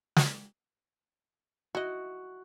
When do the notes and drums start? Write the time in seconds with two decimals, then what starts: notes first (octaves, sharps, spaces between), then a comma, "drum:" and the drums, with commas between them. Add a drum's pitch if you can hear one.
0.16 drum: snare
1.75 E4 F#4 D#5